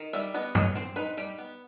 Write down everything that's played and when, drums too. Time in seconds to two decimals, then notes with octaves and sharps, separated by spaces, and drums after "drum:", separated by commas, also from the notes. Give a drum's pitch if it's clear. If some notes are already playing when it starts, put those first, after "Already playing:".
Already playing: D#3
0.13 G3 E5
0.34 B3 D#5
0.55 F#3 D#5, drum: tom
0.75 C4 C5
0.96 D#4 B4
1.17 G3 G4
1.38 B3